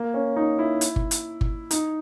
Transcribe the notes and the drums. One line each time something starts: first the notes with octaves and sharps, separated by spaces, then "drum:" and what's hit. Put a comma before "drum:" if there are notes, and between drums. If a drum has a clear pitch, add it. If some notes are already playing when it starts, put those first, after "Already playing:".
Already playing: A#3
C#4
D#4
E4
drum: hi-hat
drum: kick G1
drum: hi-hat
drum: kick G1
D#4, drum: hi-hat